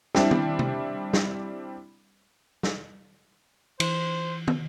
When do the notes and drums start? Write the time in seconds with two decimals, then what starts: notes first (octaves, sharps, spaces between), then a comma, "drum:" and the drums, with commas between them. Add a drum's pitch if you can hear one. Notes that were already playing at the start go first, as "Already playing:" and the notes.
0.15 G3 C4 D4 E4, drum: snare
0.31 drum: tom
0.59 drum: tom C3
1.13 drum: snare
2.63 drum: snare
3.80 E3 C5, drum: cymbal
4.48 drum: tom